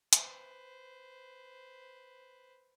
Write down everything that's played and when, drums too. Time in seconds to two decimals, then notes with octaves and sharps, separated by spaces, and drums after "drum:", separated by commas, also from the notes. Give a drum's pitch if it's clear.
0.13 B4 C5, drum: hi-hat